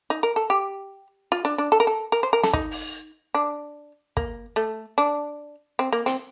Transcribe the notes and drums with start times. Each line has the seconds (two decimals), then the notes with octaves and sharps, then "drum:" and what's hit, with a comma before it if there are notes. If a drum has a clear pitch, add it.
0.10 D#4
0.23 A#4
0.36 A4
0.50 G4
1.32 F4
1.45 D4
1.58 D4
1.72 A4
1.80 A#4
1.87 A4
2.12 A#4
2.23 C5
2.33 A#4
2.43 A4, drum: snare
2.53 D#4, drum: kick
2.71 drum: open hi-hat
3.34 D4
4.17 A#3, drum: kick
4.56 A3
4.98 D4
5.79 C4
5.93 A#3
6.06 C4, drum: hi-hat